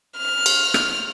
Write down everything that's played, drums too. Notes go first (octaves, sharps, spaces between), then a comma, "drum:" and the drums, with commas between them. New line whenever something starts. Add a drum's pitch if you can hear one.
F6
drum: cymbal
drum: rim click